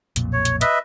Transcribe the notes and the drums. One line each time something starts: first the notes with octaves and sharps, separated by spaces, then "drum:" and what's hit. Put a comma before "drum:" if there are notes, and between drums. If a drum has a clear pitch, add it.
B1 F2 A#2, drum: hi-hat
C#5
drum: hi-hat
B4 D#5 E5, drum: hi-hat